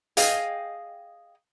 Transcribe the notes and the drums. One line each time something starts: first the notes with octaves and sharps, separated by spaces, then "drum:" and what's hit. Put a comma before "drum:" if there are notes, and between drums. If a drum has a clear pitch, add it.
G#4 D#5 F5 G5 G#5, drum: hi-hat